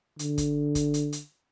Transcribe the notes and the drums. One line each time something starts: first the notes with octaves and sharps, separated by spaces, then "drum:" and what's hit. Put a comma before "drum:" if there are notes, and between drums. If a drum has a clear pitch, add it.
D3, drum: hi-hat
drum: kick, hi-hat
drum: kick, hi-hat
drum: hi-hat
drum: hi-hat